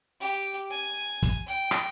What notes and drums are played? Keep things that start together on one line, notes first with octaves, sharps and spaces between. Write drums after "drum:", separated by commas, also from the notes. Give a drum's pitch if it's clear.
G4
G#5
drum: kick, hi-hat
G5
drum: rim click